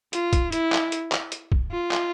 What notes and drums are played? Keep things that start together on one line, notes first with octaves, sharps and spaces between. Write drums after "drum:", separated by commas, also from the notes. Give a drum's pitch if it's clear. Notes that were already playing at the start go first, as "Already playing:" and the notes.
F4, drum: hi-hat
drum: kick, hi-hat
E4, drum: hi-hat
drum: clap
drum: hi-hat
drum: clap
drum: hi-hat
drum: kick
F4
drum: clap